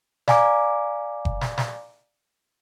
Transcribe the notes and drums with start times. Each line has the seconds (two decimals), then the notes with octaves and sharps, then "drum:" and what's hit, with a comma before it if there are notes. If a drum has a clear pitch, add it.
0.28 D5 F5 G#5 A#5 D6, drum: snare
1.25 drum: kick F#1
1.41 drum: snare
1.58 drum: snare